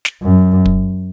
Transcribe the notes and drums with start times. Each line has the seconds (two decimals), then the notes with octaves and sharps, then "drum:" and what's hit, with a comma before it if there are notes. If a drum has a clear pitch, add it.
0.05 drum: snare
0.22 F#2
0.66 drum: kick